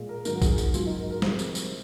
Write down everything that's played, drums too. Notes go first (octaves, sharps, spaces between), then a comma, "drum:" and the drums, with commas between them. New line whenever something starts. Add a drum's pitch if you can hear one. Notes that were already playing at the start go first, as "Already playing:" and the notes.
Already playing: A#2 G#3
A#4
G#2 D#3 F#3 A#4, drum: tambourine
F#4
G#4, drum: kick A#1, tambourine
F#4, drum: tambourine
G#2 F#3 F4, drum: tambourine
D#4
A#4
A#4
C3 F3 G#3 C5, drum: snare
drum: tambourine
drum: tambourine